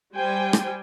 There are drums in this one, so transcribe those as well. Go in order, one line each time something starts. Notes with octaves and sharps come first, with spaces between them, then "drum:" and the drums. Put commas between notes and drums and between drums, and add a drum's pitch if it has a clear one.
G3 C5 G5 G#5
drum: rim click